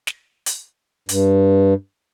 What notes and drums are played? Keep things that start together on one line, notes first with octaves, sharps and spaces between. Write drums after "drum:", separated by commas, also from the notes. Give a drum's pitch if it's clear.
drum: snare
drum: hi-hat
G2, drum: hi-hat